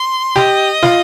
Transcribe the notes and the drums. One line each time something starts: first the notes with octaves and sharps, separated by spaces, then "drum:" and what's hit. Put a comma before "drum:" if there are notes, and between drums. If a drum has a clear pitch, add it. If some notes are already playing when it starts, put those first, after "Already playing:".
Already playing: C6
G4 D#5, drum: snare
F4, drum: snare